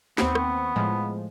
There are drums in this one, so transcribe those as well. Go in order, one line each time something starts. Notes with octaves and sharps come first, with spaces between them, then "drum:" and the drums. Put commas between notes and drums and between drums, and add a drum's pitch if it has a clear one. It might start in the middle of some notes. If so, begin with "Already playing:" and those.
D#2 B3 C4 C#6, drum: snare
drum: rim click
A2 F3 G#3